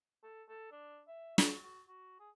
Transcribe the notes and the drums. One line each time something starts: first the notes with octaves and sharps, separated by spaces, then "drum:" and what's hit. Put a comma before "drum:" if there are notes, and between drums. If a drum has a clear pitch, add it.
A4
A4
D4
E5
F#4, drum: snare
F#4
F#4
G#4